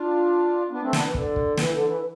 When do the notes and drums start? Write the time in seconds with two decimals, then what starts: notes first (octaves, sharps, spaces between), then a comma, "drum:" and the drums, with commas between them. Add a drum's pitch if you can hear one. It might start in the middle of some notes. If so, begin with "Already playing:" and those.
Already playing: D4 F4
0.71 B3 D4
0.82 A3 C4
0.93 B3 D4, drum: snare
1.04 E3
1.14 D3, drum: kick
1.36 drum: kick
1.57 E3, drum: snare
1.72 D3
1.87 E3